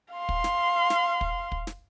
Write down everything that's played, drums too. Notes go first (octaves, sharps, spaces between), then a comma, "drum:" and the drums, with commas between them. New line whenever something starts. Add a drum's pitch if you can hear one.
F5 C6
drum: kick
drum: snare
drum: snare
drum: kick
drum: kick
drum: snare